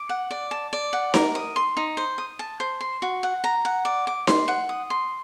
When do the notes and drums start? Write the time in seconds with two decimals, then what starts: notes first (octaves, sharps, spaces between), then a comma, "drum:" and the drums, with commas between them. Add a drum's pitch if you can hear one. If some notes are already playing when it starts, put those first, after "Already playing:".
Already playing: D6
0.09 F#5
0.31 D5
0.51 A5
0.73 D5
0.93 F#5
1.14 A#4, drum: snare D#4
1.35 D#6
1.56 C6
1.77 D#4
1.97 C5
2.18 D#6
2.39 A5
2.60 C5
2.81 C6
3.02 F#4
3.23 F#5
3.44 A#5
3.65 F#5
3.85 D5
4.07 D6
4.27 C6, drum: snare D#4
4.48 F#5
4.69 D#6
4.90 C6